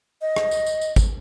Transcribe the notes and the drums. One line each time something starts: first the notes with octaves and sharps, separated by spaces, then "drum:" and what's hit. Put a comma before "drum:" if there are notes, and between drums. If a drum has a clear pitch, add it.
D#5
drum: rim click
drum: tambourine
drum: tambourine
drum: tambourine
drum: kick G#1, tambourine